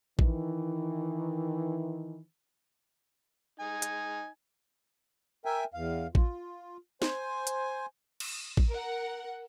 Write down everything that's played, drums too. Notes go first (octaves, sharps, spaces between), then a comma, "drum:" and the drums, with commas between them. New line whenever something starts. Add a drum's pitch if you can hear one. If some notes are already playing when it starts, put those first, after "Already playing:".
D#3 E3, drum: kick A1
D#4 G#5
drum: hi-hat
A#4 E5 G5 G#5
E2 F5
F4, drum: kick A1
C5 G#5, drum: snare
drum: hi-hat
drum: cymbal
drum: kick A1
A#4 F#5